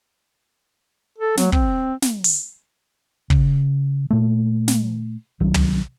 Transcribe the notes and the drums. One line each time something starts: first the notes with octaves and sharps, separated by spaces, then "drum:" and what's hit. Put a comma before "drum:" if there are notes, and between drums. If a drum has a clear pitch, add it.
A4
F#3, drum: snare
C4, drum: kick
drum: snare
drum: open hi-hat
C#3, drum: kick
A#2 A3
drum: snare
C2 D#3 F#3
drum: tom